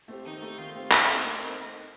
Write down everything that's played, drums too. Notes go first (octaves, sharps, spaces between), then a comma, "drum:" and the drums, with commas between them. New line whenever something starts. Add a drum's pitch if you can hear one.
A3 C4 G4
D#3 D#4
A3 C4 G4
D#3 F4
A3 C4 G4
A3 C5, drum: clap
C4 D#4 A4
A3 A#4
C4 D#4 A4